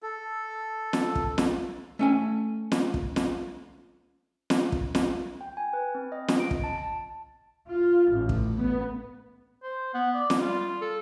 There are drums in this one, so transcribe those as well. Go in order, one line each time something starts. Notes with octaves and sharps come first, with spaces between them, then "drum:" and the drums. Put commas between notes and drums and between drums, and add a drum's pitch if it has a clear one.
A4
drum: snare
drum: kick
drum: snare
A3 C#4 G#5
drum: snare
drum: kick
drum: snare
drum: snare
drum: kick
drum: snare
G5
G#5
B4
C4
D#5
drum: snare
D7
drum: kick
A5
A5
F4
A1
drum: kick
B3
C5
B3 F#5
D5
drum: snare
G3 F4
A4